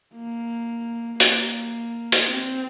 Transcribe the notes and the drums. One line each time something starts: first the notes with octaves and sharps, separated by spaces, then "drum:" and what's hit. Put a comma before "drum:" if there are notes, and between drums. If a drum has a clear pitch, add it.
A#3
A#3, drum: hi-hat
drum: hi-hat
C4